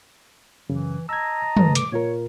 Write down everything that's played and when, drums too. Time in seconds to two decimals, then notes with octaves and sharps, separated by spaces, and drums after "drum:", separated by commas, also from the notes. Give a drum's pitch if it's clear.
0.70 F#2 C#3 E3
1.09 D#5 A5 A#5 E6 G#6
1.57 G2 A3 B4, drum: tom
1.75 D6, drum: hi-hat
1.92 A#2 F4 A#4 C#5